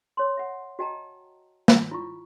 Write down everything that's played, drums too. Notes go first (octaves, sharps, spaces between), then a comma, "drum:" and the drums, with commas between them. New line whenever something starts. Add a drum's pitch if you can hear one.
C#5 C6
E5 F#5
F#4 D#5 G5 A5 A#5
drum: snare
E4 F4 C#6